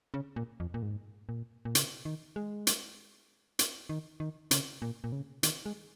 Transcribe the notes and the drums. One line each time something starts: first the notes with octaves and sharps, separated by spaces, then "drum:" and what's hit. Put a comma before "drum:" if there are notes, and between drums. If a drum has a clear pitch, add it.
C#3
A#2
F2
A#2
G#2
A#2
A#2
C#3, drum: hi-hat
D#3
G#3
drum: hi-hat
drum: hi-hat
D#3
D#3
C#3, drum: hi-hat
A#2
A#2
C#3
D#3, drum: hi-hat
G#3